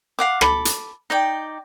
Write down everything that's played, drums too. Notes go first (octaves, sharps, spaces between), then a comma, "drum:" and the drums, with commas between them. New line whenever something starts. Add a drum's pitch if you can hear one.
F5 F#5 D6
A4 B5 D6, drum: rim click
drum: hi-hat
D#4 D5 G5